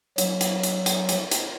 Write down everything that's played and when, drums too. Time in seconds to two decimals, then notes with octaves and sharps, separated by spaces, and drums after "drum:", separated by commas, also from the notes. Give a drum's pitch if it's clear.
0.18 F#3, drum: hi-hat
0.41 drum: hi-hat
0.63 drum: hi-hat
0.86 drum: hi-hat
1.09 drum: hi-hat
1.31 drum: hi-hat